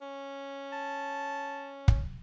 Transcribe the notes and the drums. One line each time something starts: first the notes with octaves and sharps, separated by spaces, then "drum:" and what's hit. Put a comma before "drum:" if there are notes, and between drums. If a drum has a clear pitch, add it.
C#4
A5
drum: kick